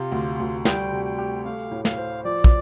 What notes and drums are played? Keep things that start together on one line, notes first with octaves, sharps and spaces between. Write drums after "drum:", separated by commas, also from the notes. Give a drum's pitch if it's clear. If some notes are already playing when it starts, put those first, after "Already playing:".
Already playing: C3 F4
D2
D2
G3 G5, drum: snare
C3
G5
G4
A3 F5
A2
F5, drum: snare
C5
F3 D5
drum: kick